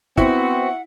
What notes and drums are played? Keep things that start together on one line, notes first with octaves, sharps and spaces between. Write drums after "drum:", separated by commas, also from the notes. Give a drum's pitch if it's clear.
B3 C4 E4 F#4 F#5, drum: kick